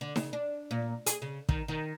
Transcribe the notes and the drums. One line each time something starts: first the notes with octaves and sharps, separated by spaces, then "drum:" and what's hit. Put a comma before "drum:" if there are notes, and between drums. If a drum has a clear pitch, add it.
D3
C#3, drum: snare D#4
D4
A#2
G#4, drum: hi-hat
C#3
D#3, drum: kick
D#3